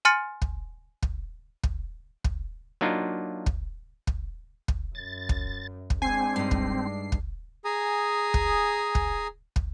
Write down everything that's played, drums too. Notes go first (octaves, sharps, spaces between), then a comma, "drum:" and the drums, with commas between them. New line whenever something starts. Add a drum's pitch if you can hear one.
G#5 C6 F6 A6 C#7
drum: kick
drum: kick
drum: kick
drum: kick
F#3 A#3 D4 D#4 F4
drum: kick
drum: kick
drum: kick
F#2 A6
drum: kick
drum: kick
G#3 C4 D4 G#5 C7
G2 D#4 C7
drum: kick
drum: kick
G#4 G#5 A#5 D#6
drum: kick
drum: kick
drum: kick